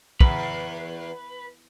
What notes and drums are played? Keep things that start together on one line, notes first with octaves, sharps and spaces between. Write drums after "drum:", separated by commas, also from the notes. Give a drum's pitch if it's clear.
E2 B4, drum: kick